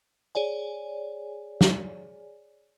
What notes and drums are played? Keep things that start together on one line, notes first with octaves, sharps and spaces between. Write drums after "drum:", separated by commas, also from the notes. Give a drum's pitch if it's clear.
G#4 C#5 D5 G#5
drum: snare